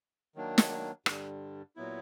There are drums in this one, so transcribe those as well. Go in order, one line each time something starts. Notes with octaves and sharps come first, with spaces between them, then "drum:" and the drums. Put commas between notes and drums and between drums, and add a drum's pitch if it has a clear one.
D#3 F#3 A#3 D4
drum: snare
G2 D3 G3, drum: rim click
A#2 F#3 B3 E4